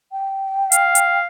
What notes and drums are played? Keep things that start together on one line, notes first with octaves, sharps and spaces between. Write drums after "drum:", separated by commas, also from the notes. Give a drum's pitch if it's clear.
G5
F5, drum: hi-hat
drum: hi-hat